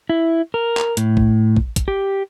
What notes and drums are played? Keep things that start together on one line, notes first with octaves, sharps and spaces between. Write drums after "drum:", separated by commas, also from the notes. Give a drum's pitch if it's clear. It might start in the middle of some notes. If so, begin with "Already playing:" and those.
E4
A#4
drum: clap
A2, drum: hi-hat
drum: kick
drum: kick
drum: kick, hi-hat
G4